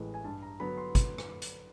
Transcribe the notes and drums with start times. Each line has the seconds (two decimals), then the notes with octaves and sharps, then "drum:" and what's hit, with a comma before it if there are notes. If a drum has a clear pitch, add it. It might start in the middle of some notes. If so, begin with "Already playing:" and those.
Already playing: A1 A2 E3 G#3
0.14 G#5
0.24 G2 A5
0.43 A#5
0.60 D3 F#3 B3 B5
0.77 C6
0.95 drum: kick, hi-hat
1.18 drum: rim click
1.42 drum: hi-hat